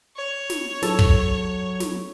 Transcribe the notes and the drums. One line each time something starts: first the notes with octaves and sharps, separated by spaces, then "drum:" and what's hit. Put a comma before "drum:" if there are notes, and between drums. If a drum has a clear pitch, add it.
C#5
drum: snare
F#3 A4, drum: snare
drum: kick
drum: snare